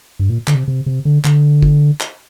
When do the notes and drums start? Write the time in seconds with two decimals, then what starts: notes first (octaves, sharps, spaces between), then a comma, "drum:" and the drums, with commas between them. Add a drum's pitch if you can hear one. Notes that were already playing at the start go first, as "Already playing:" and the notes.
0.19 G2
0.29 A#2
0.48 D3, drum: clap
0.55 C3
0.68 C3
0.86 C3
1.05 D3
1.25 D3, drum: clap
1.62 drum: kick
2.00 drum: clap